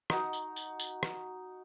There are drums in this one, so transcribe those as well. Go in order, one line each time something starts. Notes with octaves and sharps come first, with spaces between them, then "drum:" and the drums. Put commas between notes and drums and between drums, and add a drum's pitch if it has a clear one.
D#4 F#4, drum: rim click
drum: tambourine
drum: tambourine
drum: tambourine
drum: rim click